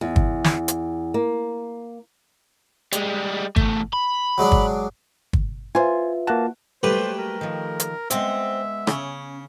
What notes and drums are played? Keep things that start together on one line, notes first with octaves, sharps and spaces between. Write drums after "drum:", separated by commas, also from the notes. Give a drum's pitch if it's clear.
E2
drum: kick
drum: snare
drum: hi-hat
A#3
G3 G#3, drum: hi-hat
E2 A3, drum: kick
B5
F#3 G#3 D4
drum: kick
drum: kick
F4 B4 C5 E5 G#5
A#3 F#4 A5
F#3 G3 A3 A#3 G4 B4 C5
A#4
D#3 F3
drum: hi-hat
G#3 B3 C4 E5 F#5, drum: hi-hat
C#3 C#4, drum: rim click